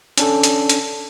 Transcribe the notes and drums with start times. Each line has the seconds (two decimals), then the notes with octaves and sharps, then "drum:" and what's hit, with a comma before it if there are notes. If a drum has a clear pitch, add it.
0.18 C#4 D4 A4, drum: hi-hat
0.43 drum: hi-hat
0.69 drum: hi-hat